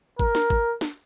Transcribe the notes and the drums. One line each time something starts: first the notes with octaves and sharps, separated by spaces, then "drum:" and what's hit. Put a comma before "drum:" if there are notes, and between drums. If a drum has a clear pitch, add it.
A#4, drum: kick
drum: snare
drum: kick
drum: snare